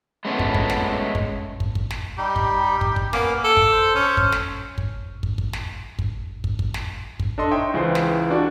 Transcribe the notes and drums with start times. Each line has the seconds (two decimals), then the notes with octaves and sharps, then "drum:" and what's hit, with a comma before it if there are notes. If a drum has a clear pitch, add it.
0.25 G#3 A3 B3 C#4
0.39 drum: kick
0.54 drum: kick
0.70 drum: snare
1.15 drum: kick
1.60 drum: kick
1.75 drum: kick
1.90 drum: snare
2.18 G3 D#4 G4
2.36 drum: kick
2.81 drum: kick
2.96 drum: kick
3.13 A#3 B3 C#4 D6, drum: snare
3.44 A4 D6
3.57 drum: kick
3.72 C5
3.95 C#4
4.17 drum: kick
4.32 drum: snare
4.78 drum: kick
5.23 drum: kick
5.38 drum: kick
5.53 drum: snare
5.99 drum: kick
6.44 drum: kick
6.59 drum: kick
6.74 drum: snare
7.20 drum: kick
7.38 D4 A4 D#5 C6
7.51 D#4 C#5 E5 G5 C6 D#6
7.74 C#2 E3 G#4 C5 C6
7.95 drum: snare
8.30 D4 F4 F#4 D5